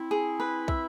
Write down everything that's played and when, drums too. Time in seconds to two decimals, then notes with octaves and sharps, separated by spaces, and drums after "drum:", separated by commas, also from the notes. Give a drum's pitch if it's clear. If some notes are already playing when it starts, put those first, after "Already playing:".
Already playing: C4 E4
0.11 G#4
0.40 B4
0.68 E5, drum: kick